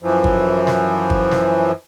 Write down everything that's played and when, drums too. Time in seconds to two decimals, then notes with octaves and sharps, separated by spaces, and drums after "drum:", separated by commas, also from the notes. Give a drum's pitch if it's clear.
0.02 F#2 E3 F3
0.24 drum: kick
0.67 drum: snare
1.10 drum: kick
1.31 drum: snare